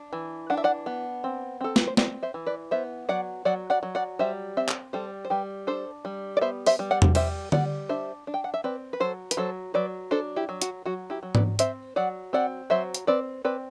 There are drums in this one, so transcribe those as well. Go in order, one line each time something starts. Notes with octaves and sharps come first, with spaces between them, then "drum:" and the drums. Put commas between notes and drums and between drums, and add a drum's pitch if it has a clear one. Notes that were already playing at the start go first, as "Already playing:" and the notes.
Already playing: D4
E3
D4 F#5
E5
D5 F#5
B3
C4
C4 A4
B4, drum: snare
C5
C4 B4 D5, drum: snare
C5 E5
E3
B4 D5
B3 C5 E5
F#3 D5 F#5
F#3 D5 F#5
D5 F#5
F#3
D5 F#5
G3 C5 E5
C4 C5 E5
drum: clap
G3 A4 C5
C5
G3 G4 B4
D4 A4 C5
G3
D5
B3 C5 E5
C5 E5, drum: open hi-hat
G3
D5 F#5
drum: tom E2
G3 C5 E5, drum: cymbal
G3 D5 F#5, drum: tom D3
D4 C5 E5
D4
G5
F#5
E5
C4 B4 D5
B4
F#3 A4 C5
B4, drum: hi-hat
F#3 A4 C5
F#3 B4 D5
D4 A4 C5
E4 G4
F#3
F#4, drum: hi-hat
F#3 F#4
E4 G4
F#3
B4 D5, drum: tom G#2
C4 C5 E5, drum: hi-hat
F#3 D5 F#5
C4 D5 F#5
F#3 C5 E5
drum: hi-hat
C4 B4 D5
C4 B4 D5